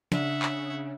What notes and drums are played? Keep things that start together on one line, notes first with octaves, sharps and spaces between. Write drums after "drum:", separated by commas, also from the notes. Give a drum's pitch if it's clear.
C#3 D4 E5 F#5, drum: snare
drum: clap